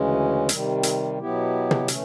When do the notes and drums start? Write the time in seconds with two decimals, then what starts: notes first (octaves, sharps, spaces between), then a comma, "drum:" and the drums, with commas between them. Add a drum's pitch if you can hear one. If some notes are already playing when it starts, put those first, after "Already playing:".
Already playing: D2 C#3 E3 G#3 C#4
0.49 C3 D#3 G3, drum: hi-hat
0.83 drum: hi-hat
1.19 B2 F#3 B3 E4 G4
1.71 drum: tom
1.88 E3 A3 C#4, drum: hi-hat